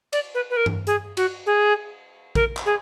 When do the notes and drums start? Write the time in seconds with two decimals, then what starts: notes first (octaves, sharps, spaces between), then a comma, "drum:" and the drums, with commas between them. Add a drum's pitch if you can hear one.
0.13 D5, drum: cymbal
0.35 B4
0.50 B4
0.57 A#4
0.66 drum: tom G2
0.87 G#4, drum: hi-hat
1.17 F#4, drum: cymbal
1.46 G#4
2.35 A#4, drum: kick A#1
2.57 drum: clap
2.66 G#4